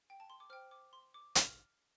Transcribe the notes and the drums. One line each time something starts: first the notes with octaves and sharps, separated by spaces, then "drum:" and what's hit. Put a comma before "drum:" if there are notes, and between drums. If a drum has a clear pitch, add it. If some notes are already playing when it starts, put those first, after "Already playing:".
G5
A5
C6
D6
C5 G5 F6
D6
C6
D6
F6, drum: hi-hat